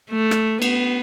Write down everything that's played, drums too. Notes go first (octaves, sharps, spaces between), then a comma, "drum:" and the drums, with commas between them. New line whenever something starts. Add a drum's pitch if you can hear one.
A3
drum: rim click
B3, drum: cymbal